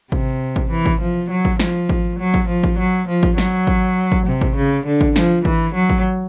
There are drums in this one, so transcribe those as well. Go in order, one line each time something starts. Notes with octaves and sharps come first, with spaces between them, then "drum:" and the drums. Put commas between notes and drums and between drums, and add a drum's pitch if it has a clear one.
C3, drum: kick G#1
drum: kick G#1
E3
drum: kick G#1
F3
F#3
drum: kick G#1
F3, drum: snare
drum: kick G#1
F#3
drum: kick G#1
F3
drum: kick G#1
F#3
F3
drum: kick G#1
F#3, drum: snare
drum: kick G#1
drum: kick G#1
C3
drum: kick G#1
C#3
D3
drum: kick G#1
F3, drum: snare
E3, drum: kick G#1
F#3
drum: kick G#1